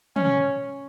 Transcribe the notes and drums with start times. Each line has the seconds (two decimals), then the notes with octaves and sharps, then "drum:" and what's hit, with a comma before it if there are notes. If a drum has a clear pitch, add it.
0.16 C#4, drum: tom